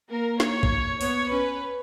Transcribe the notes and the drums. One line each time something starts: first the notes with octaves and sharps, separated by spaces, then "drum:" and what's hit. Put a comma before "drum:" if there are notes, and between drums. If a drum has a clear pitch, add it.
A#3 A#4
C#5, drum: snare
drum: kick A#1
B3 C#5, drum: open hi-hat
C#4 B4